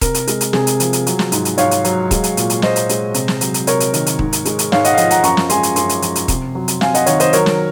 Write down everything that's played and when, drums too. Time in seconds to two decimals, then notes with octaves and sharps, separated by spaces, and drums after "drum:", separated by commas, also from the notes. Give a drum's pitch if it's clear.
0.01 C3 A#4, drum: kick D#1, hi-hat
0.14 drum: hi-hat
0.27 G#3, drum: hi-hat
0.41 drum: hi-hat
0.53 C3 G#4, drum: snare
0.67 drum: hi-hat
0.80 F3, drum: hi-hat
0.93 drum: hi-hat
1.07 F#3, drum: hi-hat
1.19 drum: snare
1.32 G#2, drum: hi-hat
1.45 drum: hi-hat
1.58 G#2 C#5 F5, drum: hi-hat
1.71 drum: hi-hat
1.84 F#3, drum: hi-hat
2.11 G#3, drum: kick D#1, hi-hat
2.24 drum: hi-hat
2.37 A#2, drum: hi-hat
2.50 drum: hi-hat
2.62 A#2 C5 D#5, drum: snare
2.76 drum: hi-hat
2.89 G#3, drum: hi-hat
3.14 C3, drum: hi-hat
3.28 drum: snare
3.41 F#3, drum: hi-hat
3.54 drum: hi-hat
3.67 C3 A#4 C#5, drum: hi-hat
3.80 drum: hi-hat
3.94 D#3, drum: hi-hat
4.06 drum: hi-hat
4.19 G#2, drum: kick D#1
4.33 drum: hi-hat
4.45 G#3, drum: hi-hat
4.59 drum: hi-hat
4.72 G#2 C#5 F5, drum: snare
4.85 D#5 F#5, drum: hi-hat
4.94 F5
4.97 F3 D#5 F#5, drum: hi-hat
5.10 F#5 A#5, drum: hi-hat
5.24 F#2 A#5 C#6, drum: hi-hat
5.37 drum: snare
5.50 G#3 G#5 C6, drum: hi-hat
5.63 drum: hi-hat
5.76 F#2 G#5 C6, drum: hi-hat
5.89 drum: hi-hat
6.02 F3, drum: hi-hat
6.15 drum: hi-hat
6.28 C3, drum: kick D#1, hi-hat
6.55 F#3
6.68 drum: hi-hat
6.81 C3 F5 G#5, drum: snare
6.94 D#5 F#5, drum: hi-hat
7.06 D#3 C#5 F5, drum: hi-hat
7.20 C5 D#5, drum: hi-hat
7.33 F#3 A#4 C#5, drum: hi-hat
7.46 drum: snare